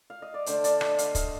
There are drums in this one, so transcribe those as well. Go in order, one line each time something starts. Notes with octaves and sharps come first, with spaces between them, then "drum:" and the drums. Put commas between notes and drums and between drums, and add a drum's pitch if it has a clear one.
F5
D#5
D5
D3 A3 C5, drum: hi-hat
D5, drum: hi-hat
D#5, drum: rim click
F5, drum: hi-hat
D#5, drum: kick, hi-hat